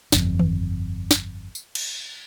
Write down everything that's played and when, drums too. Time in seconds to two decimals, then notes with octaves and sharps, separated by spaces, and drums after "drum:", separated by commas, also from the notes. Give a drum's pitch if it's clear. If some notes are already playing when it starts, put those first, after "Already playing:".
0.12 G1 F2, drum: snare
0.39 drum: tom D#3
1.11 drum: snare
1.55 drum: tambourine
1.75 drum: cymbal